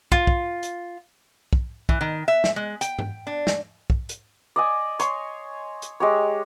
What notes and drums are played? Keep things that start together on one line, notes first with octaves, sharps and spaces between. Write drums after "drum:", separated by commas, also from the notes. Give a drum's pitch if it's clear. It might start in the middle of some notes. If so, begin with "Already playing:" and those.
F4, drum: kick
drum: kick
drum: hi-hat
drum: kick
E3, drum: kick
D#3
E5
drum: snare
G#3
G5, drum: hi-hat
drum: tom G2
D4
drum: snare
drum: kick
drum: hi-hat
D5 D#5 G#5
C#5 C6, drum: hi-hat
drum: hi-hat
G#3 G4 C#5